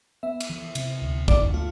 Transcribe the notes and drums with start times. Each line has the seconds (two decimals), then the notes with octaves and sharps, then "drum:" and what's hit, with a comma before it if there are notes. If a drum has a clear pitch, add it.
0.23 B3 E5
0.40 drum: cymbal
0.50 E3
0.75 C3, drum: cymbal
1.01 D2
1.28 D2 D5, drum: kick
1.54 A3 F4